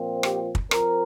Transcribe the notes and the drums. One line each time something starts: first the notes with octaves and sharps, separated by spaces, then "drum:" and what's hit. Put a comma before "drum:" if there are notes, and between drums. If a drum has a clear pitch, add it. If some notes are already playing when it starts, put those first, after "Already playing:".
Already playing: A#2 F3 C4
G4, drum: rim click
drum: kick
F3 C4 A#4, drum: rim click